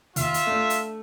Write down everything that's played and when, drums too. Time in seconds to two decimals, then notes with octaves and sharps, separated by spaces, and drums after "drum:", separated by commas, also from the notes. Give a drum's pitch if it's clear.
0.16 D#2 F4 E5, drum: hi-hat
0.34 drum: hi-hat
0.47 A3 D4
0.70 drum: hi-hat